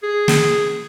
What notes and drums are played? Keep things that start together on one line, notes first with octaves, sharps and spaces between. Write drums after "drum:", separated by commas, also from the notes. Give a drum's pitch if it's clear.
G#4
drum: snare